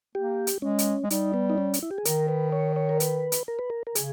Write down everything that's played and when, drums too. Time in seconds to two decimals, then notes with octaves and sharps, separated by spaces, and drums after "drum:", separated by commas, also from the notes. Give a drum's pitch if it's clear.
0.15 A#3 G4
0.47 drum: hi-hat
0.62 G#3 C#4
0.79 drum: hi-hat
1.03 G#3
1.10 G3 D#4, drum: hi-hat
1.34 B3
1.50 D#4
1.58 C#4
1.74 drum: hi-hat
1.83 E4
1.91 G4
1.98 G#4
2.05 D#3 A#4, drum: hi-hat
2.28 B4
2.52 C#5
2.76 C#5
2.89 A#4
3.00 B4, drum: hi-hat
3.32 drum: hi-hat
3.48 A#4
3.59 B4
3.70 A#4
3.87 A#4
3.95 C#3 G#4, drum: hi-hat